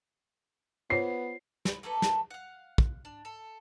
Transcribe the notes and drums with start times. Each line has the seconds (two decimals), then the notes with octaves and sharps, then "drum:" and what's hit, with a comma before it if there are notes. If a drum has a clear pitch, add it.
0.90 B3 F4 C5 C#5 C7
1.65 B4, drum: snare
1.83 A3 A#3 A4 B4
2.02 drum: snare
2.30 F5 F#5
2.78 drum: kick
3.05 D4
3.25 A4